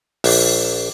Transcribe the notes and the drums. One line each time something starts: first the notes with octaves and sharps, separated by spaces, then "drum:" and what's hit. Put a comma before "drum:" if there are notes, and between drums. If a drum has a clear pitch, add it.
A#1, drum: open hi-hat